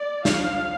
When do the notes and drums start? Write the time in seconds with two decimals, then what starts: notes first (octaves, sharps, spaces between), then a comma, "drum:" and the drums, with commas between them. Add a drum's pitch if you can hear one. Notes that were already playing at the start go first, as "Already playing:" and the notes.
Already playing: D5
0.25 F3 D4 F5, drum: snare